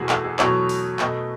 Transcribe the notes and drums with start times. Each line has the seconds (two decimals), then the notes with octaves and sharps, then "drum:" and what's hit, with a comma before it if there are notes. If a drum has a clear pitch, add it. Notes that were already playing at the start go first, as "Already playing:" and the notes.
Already playing: E2 B2 A3 F#4 G#4
0.09 A4, drum: clap
0.24 G#4
0.39 E2 B2 F#3 A3 C#5, drum: clap
0.69 drum: open hi-hat
0.99 B2 A3 D#5, drum: clap